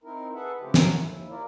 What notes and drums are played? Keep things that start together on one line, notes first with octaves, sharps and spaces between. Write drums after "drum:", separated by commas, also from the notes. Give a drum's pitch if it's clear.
C4 D#4 E4 A#4
G#4 A4 B4 E5 F#5
C#3 F3 A3 C4 E4 G4
D3 A3 C#4 A#4, drum: snare
D#2 E4
E4 F4 A#4 D5